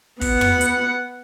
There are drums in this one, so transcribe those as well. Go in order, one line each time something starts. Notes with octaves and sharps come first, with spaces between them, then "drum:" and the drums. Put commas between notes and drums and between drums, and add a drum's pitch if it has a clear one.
B3 F#5, drum: kick, open hi-hat
drum: tom
drum: hi-hat